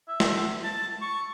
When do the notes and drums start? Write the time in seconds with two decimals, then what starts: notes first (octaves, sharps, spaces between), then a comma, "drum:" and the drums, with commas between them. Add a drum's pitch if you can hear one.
0.08 E5
0.20 drum: snare
0.64 A5
1.01 C#6